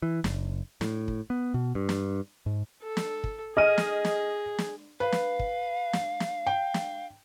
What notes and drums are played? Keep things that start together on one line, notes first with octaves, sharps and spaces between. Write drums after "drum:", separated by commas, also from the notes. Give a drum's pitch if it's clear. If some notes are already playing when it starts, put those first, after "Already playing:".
E3
F#1, drum: snare
A2, drum: snare
drum: kick
B3
B2
G2
drum: snare
G#2
A4
drum: snare
drum: kick
G#4 D#5 F6 D#7
drum: snare
drum: snare
drum: snare
B4 F5
drum: snare
drum: kick
drum: snare
drum: snare
G5
drum: snare